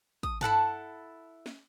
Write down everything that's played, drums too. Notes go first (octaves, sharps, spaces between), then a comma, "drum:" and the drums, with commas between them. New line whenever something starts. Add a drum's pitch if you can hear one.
D#6, drum: kick
E4 A4 F#5 A5, drum: tom G2
drum: snare